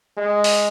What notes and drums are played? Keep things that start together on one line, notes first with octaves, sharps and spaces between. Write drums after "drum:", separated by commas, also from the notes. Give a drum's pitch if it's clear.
G#3
drum: open hi-hat